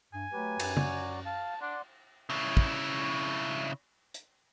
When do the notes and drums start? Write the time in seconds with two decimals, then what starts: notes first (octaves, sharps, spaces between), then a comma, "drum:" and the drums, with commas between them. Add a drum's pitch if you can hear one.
0.13 G2 G#5
0.33 F#3 A3 G4 B4
0.60 F#2, drum: cymbal
0.77 F#3 F#4 D5, drum: tom
1.26 F5 A5
1.62 D4 D5 F#5 C6
2.30 C#3 E4
2.57 drum: kick
4.14 drum: hi-hat